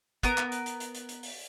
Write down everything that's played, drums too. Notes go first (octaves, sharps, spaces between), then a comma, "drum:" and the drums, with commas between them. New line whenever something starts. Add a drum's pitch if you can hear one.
B3 A#4, drum: kick, hi-hat
drum: clap
drum: hi-hat
drum: hi-hat
drum: hi-hat
drum: hi-hat
drum: hi-hat
drum: open hi-hat